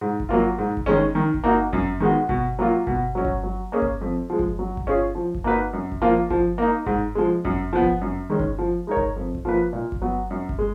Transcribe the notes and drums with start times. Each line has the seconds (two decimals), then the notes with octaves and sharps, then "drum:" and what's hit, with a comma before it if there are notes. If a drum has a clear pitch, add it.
0.01 G#2
0.20 drum: kick G1
0.29 F#3 A#3 F4
0.59 G#2
0.77 drum: kick G1
0.86 D#3 G#3 C#4
1.15 D#3
1.34 drum: kick G1
1.44 A#3 D#4 F#4
1.73 F#2, drum: kick G1
2.00 D#3 G#3 B3 F#4
2.29 B2, drum: kick G1
2.59 F#3 A#3 F4
2.87 B2, drum: kick G1
3.15 F#3 C#4 F#4
3.25 drum: kick G1
3.43 F#3
3.72 A#3 C#4 G#4
3.82 drum: kick G1
4.01 F2
4.30 F3 G#3
4.39 drum: kick G1
4.59 F#3
4.77 drum: kick G1
4.87 C#4 F4 G#4
5.15 F3
5.34 drum: kick G1
5.44 A#3 D#4 F#4 B4
5.73 F#2
5.92 drum: kick G1
6.02 F3 A#3 F4
6.30 F3, drum: kick G1
6.58 A#3 D#4
6.86 G#2, drum: kick G1
7.15 F3 G#3
7.45 F#2, drum: kick G1
7.73 F3 B3
7.82 drum: kick G1
8.01 F#2
8.30 D#3 G#3 C#4
8.40 drum: kick G1
8.58 F3
8.87 G#3 D#4 A#4 C#5
8.97 drum: kick G1
9.16 F2
9.35 drum: kick G1
9.45 F3 A#3 F4 B4
9.73 A#2
9.92 drum: kick G1
10.02 F#3 B3
10.31 F#2
10.49 drum: kick G1
10.59 G#3